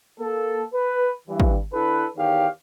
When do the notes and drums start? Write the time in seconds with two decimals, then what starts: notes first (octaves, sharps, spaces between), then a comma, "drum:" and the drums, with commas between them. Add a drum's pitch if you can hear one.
0.19 A#3 A4
0.74 B4
1.28 G2 E3
1.40 drum: kick
1.73 D3 E4 A4 B4
2.17 E2 D#3 G4 C#5 F5